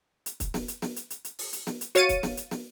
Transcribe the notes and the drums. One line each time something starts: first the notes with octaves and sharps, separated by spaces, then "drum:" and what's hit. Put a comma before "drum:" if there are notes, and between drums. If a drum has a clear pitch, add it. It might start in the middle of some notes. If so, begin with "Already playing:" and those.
drum: hi-hat
drum: kick, hi-hat
drum: snare
drum: hi-hat
drum: snare
drum: hi-hat
drum: hi-hat
drum: hi-hat
drum: open hi-hat
drum: hi-hat
drum: snare
drum: hi-hat
F#4 C#5 F5 A6 C#7 D#7, drum: hi-hat
drum: kick, hi-hat
drum: snare
drum: hi-hat
drum: snare